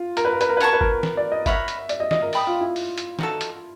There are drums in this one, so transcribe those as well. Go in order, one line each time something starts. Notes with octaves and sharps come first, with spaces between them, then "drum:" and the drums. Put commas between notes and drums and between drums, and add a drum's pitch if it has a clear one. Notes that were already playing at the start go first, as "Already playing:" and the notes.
Already playing: F4
A#4, drum: hi-hat
B4
A#4
B4, drum: hi-hat
A#4
B4
A#4 C#5 F#5 A5 C#6, drum: hi-hat
B4
A#4, drum: kick G#1
drum: snare
D5
D#5
A#4 C#5 E5 F#5 B5, drum: kick G#1, hi-hat
drum: hi-hat
D5, drum: hi-hat
D#5
D#5, drum: snare
A#4
D5 G5 B5 D#6, drum: open hi-hat
F4
E4
drum: open hi-hat
drum: hi-hat
D#4 F#4 A4, drum: snare
drum: hi-hat